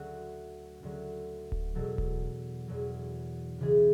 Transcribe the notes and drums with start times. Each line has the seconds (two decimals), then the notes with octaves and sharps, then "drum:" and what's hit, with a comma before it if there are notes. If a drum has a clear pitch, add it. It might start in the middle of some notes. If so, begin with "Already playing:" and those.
Already playing: D2 D3 F#3 F#4
0.83 D2 D3 F#3
1.52 drum: kick D1
1.75 E2 B2 F#3 A4
1.98 drum: kick D1
2.68 E2 B2 F#3
3.58 C#2 C#3 E3 G#4